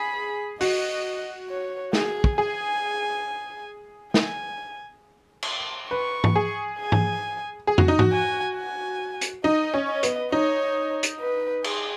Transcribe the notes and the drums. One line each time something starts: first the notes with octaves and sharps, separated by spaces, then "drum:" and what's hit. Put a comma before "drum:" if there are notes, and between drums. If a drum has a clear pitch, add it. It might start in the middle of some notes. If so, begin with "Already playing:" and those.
Already playing: G#4 B5
F#4 D#5, drum: open hi-hat
C#5
G#4, drum: snare
drum: kick
G#4 G#5
G#5, drum: snare
drum: cymbal
B4 C#6
drum: tom G#2
G#4
G#5
drum: tom G#2
G#4
F#4, drum: tom
D#4
F#4, drum: tom G#2
G#5
G#5
drum: hi-hat
D#4 D#5
C#4
D#5
B3, drum: hi-hat
D#4 C#5
drum: hi-hat
B4
G#4, drum: cymbal